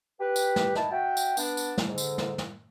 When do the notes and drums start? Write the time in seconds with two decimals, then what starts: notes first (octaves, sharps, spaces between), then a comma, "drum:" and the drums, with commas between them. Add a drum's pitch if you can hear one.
0.19 G4 B4
0.36 drum: tambourine
0.56 drum: snare
0.75 D#4 E4 A5, drum: snare
0.91 F#4 E5 G5
1.17 drum: tambourine
1.37 B3 D4, drum: tambourine
1.57 drum: tambourine
1.78 drum: snare
1.88 G#2 D3
1.98 drum: tambourine
2.18 drum: snare
2.38 drum: snare